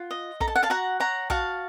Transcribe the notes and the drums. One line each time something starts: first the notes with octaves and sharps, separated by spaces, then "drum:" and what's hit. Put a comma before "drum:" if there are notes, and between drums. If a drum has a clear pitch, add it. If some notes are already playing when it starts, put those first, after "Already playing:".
Already playing: F4 F#5
D#5
A4 A#5, drum: kick
A5
F#5
F5 A5
F#4 F#5 A#5
C#5 F#5 A#5
F#4 F5 A5, drum: kick